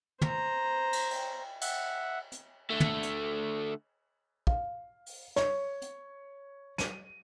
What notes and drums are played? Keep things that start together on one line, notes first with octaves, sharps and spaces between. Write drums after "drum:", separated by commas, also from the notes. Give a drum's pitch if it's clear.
C5 A#5, drum: tom
drum: cymbal
drum: cymbal
E5 F#5, drum: cymbal
drum: hi-hat
D3 A3
drum: tom
drum: hi-hat
F5, drum: kick
drum: open hi-hat
C#5, drum: snare
drum: hi-hat
D#7, drum: snare